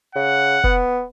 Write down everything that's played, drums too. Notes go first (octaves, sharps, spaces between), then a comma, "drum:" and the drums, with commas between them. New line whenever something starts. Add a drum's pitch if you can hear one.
C#3 F#5
B3, drum: kick